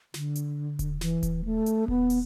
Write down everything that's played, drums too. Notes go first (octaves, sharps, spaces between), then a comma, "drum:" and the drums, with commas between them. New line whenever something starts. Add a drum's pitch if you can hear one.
D3, drum: snare
drum: hi-hat
drum: kick D#1, hi-hat
E3, drum: snare
drum: kick D#1, hi-hat
A3
drum: hi-hat
B3, drum: kick D#1
drum: open hi-hat